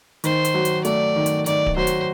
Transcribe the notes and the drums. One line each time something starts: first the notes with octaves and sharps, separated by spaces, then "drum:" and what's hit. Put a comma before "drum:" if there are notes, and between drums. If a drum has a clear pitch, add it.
D#3 C5, drum: hi-hat
drum: hi-hat
F#3
drum: hi-hat
A3 D5, drum: hi-hat
D#3
drum: hi-hat
D#3 D5, drum: hi-hat
drum: kick D1
F#3 C5
drum: hi-hat